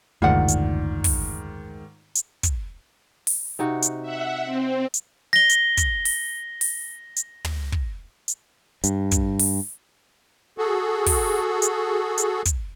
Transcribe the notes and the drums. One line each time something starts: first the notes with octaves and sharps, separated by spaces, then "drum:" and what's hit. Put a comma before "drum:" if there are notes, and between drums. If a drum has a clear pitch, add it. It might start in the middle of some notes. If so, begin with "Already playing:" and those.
F#1 D2 G#2 D#3 F4 D5 F#5
drum: hi-hat
drum: kick, open hi-hat
drum: hi-hat
drum: kick, hi-hat
drum: open hi-hat
C3 D#4 F#4
drum: hi-hat
E5 F#5
C4
drum: hi-hat
A#6 G7
drum: hi-hat
drum: kick, hi-hat
drum: open hi-hat
drum: open hi-hat
drum: hi-hat
drum: tom
drum: kick
drum: hi-hat
G2, drum: hi-hat
drum: kick, hi-hat
drum: open hi-hat
F#4 G#4 A4
drum: kick, open hi-hat
drum: hi-hat
drum: hi-hat
drum: kick, hi-hat